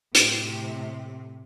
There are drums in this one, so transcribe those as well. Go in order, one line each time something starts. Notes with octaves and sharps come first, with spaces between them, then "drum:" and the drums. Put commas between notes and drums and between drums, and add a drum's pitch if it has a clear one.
A2 C3, drum: hi-hat